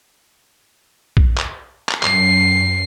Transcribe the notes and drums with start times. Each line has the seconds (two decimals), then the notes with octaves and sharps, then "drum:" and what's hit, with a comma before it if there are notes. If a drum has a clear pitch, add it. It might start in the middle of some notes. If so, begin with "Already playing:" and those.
1.17 drum: kick A#1
1.37 drum: clap
1.89 drum: clap
2.03 F#2 C7, drum: clap